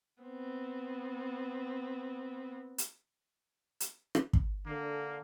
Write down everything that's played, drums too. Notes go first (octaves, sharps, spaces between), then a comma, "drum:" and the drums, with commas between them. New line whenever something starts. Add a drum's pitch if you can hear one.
B3 C4
drum: hi-hat
drum: hi-hat
drum: rim click
drum: kick
D3 A#3